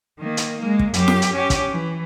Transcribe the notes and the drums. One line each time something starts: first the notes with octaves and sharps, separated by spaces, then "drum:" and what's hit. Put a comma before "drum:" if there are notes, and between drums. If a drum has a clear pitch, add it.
D#3 A#3
drum: hi-hat
G#3 A#3
drum: kick
F#2 G4, drum: hi-hat
drum: snare F4
drum: hi-hat
C#4 G4
drum: kick, hi-hat
E3